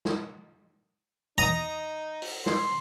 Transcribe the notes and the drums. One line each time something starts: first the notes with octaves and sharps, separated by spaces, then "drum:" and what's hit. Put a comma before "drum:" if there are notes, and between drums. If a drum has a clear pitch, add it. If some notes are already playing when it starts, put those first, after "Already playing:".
drum: snare
E2 D#4 A#5 D#6 A#6
drum: open hi-hat
C6, drum: snare